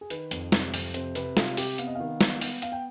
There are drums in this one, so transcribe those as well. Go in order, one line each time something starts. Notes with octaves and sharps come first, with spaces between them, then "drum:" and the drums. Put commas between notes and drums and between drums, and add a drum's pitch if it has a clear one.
G#4
D#3 B4, drum: hi-hat
F2, drum: hi-hat
C3, drum: snare
F2, drum: open hi-hat
C3 C5, drum: hi-hat
C3 B4, drum: hi-hat
C3 F4, drum: snare
C3 G4, drum: open hi-hat
B3 F5, drum: hi-hat
D#5
D#3 F5
B3, drum: snare
B3, drum: open hi-hat
B3 F5, drum: hi-hat
G5